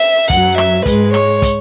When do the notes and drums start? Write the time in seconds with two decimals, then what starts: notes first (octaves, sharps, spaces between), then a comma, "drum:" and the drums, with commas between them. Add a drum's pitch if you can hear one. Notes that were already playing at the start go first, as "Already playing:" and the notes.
Already playing: E5
0.30 F#2 F#3 F#5, drum: kick, hi-hat
0.58 E5, drum: rim click
0.86 G#2 G#3 B4, drum: kick, hi-hat
1.14 C#5, drum: rim click
1.42 drum: kick, hi-hat